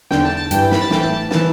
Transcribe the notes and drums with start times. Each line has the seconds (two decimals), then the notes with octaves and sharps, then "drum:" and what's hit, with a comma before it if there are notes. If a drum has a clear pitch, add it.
0.11 E2 D3 G5, drum: snare
0.25 A5
0.37 A5
0.51 G2 E3 G5, drum: hi-hat
0.71 B5, drum: snare
0.81 A5
0.91 A2 E3 G5, drum: snare
1.03 A5
1.31 A5, drum: snare
1.35 E3